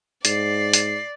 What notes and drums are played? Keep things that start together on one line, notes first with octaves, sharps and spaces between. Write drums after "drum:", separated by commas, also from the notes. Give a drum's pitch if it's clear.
G#2 D5 C7, drum: hi-hat
drum: hi-hat